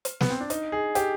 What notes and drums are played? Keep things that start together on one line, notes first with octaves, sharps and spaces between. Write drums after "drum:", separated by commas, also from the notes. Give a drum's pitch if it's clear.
drum: hi-hat
B3, drum: snare
C4
D4
D#4, drum: hi-hat
G#4
G4, drum: hi-hat